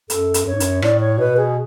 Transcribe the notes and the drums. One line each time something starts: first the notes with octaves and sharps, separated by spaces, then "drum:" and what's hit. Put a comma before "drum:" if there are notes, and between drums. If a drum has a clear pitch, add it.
F#2 A4, drum: hi-hat
drum: hi-hat
F#2 C#5
G#2
F#2, drum: hi-hat
A2 D5, drum: rim click
C#5
B2 B4
G#4